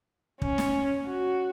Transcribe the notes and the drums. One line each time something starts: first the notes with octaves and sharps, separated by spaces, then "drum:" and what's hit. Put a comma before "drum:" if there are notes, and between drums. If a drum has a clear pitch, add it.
C#4, drum: kick
drum: snare
F#4